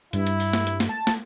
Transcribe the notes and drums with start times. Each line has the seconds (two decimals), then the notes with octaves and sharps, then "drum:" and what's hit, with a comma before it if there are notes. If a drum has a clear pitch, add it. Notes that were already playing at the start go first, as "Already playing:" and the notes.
0.13 G2 E4, drum: hi-hat
0.27 drum: hi-hat
0.40 drum: open hi-hat
0.53 drum: snare
0.67 drum: hi-hat
0.80 drum: snare
0.89 A5
1.07 drum: snare